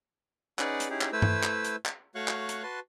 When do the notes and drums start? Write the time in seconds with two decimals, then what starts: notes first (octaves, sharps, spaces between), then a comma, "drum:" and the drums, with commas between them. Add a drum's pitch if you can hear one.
0.59 C#4 D#4 G#4 B4 D5 F#5, drum: clap
0.80 drum: hi-hat
0.89 C#4 D#4 E4 G4 G#4
1.01 drum: clap
1.13 A3 E4 B4 C5 E6
1.22 drum: tom G2
1.43 drum: clap
1.65 drum: hi-hat
1.86 drum: clap
2.15 A3 F#4 C#5 F5 C#6 F#6
2.28 drum: clap
2.49 drum: hi-hat
2.63 F#4 B4 A5 C6